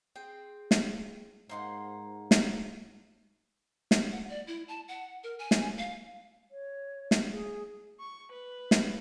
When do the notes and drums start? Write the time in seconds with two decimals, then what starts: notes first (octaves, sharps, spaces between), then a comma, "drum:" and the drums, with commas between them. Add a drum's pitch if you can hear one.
0.16 C4 G#4 G5
0.71 drum: snare
1.49 G#2 A#3 D#4 C5 F#5 C6
2.31 drum: snare
3.91 drum: snare
4.11 F#5
4.30 D5
4.47 E4
4.68 A5
4.88 F#5
5.24 A#4
5.39 G#5
5.51 drum: snare
5.78 F5
6.51 C#5
7.11 drum: snare
7.31 G#4
8.00 C#6
8.32 B4
8.71 drum: snare